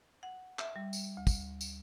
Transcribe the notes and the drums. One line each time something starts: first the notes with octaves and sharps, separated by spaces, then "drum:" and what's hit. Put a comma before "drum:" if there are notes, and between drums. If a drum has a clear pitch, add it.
F#5
E5, drum: clap
G3
drum: tambourine
D2
drum: kick, tambourine
drum: tambourine